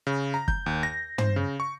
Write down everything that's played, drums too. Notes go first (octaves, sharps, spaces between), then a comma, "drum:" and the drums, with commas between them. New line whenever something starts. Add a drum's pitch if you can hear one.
C#3
A#5
G6, drum: kick
D#2
A#6
C5, drum: tom
C#3
C#6